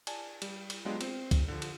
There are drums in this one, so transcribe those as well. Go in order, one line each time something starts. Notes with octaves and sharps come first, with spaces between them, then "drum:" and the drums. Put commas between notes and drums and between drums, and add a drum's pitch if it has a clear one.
D5 G#5 A5, drum: cymbal
G3, drum: cymbal
drum: cymbal
F#3 G#3 B3 D4 F4 G4
C4 C5, drum: cymbal
drum: kick B1, cymbal
D3 F3
drum: cymbal